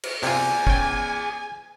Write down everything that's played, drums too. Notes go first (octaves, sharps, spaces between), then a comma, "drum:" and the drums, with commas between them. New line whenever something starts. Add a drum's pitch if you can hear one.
drum: cymbal
C3 F4 G#4 D5 G#5, drum: open hi-hat
C#4 G5, drum: kick